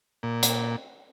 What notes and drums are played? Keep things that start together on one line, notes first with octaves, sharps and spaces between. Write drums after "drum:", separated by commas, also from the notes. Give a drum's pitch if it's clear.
A#2
drum: hi-hat